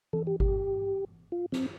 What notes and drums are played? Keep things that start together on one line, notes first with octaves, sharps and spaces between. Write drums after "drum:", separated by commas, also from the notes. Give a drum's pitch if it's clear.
A4, drum: tom E3
G4
G4, drum: kick G1
F4
C4, drum: snare